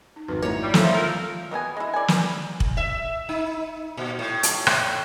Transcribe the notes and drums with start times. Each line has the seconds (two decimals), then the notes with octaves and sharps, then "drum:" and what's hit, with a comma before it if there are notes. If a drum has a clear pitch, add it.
0.16 D#4
0.28 G#1 F2 D#4 F#4 B4
0.42 A3 A#3 E4 C#5 A#5
0.61 G3
0.74 G2 C3 F3 A3 C4 F4 A4 E5, drum: snare
0.93 D#4 A4 A#4 F5 A#5
1.51 B2 B3 G#4 G#5
1.77 G#3 E4
1.94 D5 G#5
2.08 B4, drum: snare
2.60 drum: kick
2.77 E5
3.29 D#4
3.97 A#2
4.19 A2
4.43 drum: hi-hat
4.67 drum: rim click